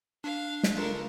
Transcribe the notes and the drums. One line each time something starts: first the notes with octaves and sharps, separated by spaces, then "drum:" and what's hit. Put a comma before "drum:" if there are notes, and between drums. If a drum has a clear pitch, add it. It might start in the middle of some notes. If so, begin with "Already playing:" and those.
D4 F5
drum: snare
C#2 A4 A#4